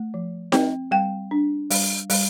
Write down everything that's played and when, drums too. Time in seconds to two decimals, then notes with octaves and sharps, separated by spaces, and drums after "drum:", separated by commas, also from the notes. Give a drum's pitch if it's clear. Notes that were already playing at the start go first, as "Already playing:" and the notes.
Already playing: A3
0.14 F3
0.52 C4, drum: snare D#4
0.91 G3 G5
1.31 D4
1.70 G3, drum: open hi-hat
2.10 G3, drum: open hi-hat